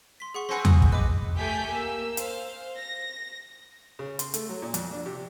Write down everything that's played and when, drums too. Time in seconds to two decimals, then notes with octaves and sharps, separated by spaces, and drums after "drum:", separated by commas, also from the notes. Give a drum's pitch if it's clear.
0.20 C6 B6
0.34 G#4 F#5 C#6
0.49 C4 G#4 B4 F#5 C6
0.65 D#6, drum: tom E2
0.82 drum: kick
0.92 B4 D#5 D6
1.39 A3 G4 G#5 G6 B6 D7
1.72 A#3 E6
2.17 C5 F5, drum: hi-hat
2.77 A#6
3.99 C#3
4.19 C6, drum: hi-hat
4.34 A3, drum: hi-hat
4.49 F#3
4.62 A#2
4.74 F2, drum: hi-hat
4.92 D4
5.06 C3